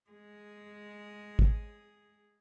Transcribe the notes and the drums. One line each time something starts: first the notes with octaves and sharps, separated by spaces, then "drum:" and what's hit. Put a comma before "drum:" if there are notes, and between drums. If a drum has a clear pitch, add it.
G#3 G#4
drum: kick